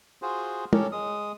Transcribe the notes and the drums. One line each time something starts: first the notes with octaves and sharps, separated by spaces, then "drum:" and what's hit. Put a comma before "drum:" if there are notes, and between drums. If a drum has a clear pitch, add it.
F4 F#4 G#4 C5
C#4 G4 A4 A#4 C#5, drum: tom
G#3 D#6